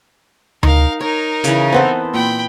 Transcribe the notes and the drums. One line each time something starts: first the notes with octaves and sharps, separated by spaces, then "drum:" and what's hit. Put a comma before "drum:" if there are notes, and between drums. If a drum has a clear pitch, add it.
D#4 A#4 F5, drum: tom D2
D#4 A#4 C#5
C#3 E3, drum: hi-hat
B3 C4 A4 B4 C5 F#5
A#2 G5 B5